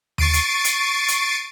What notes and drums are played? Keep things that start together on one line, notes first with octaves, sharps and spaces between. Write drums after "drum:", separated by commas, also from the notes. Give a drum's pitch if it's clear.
C#6 A6 C7 D7 D#7, drum: tom D#2
drum: hi-hat
drum: hi-hat
drum: hi-hat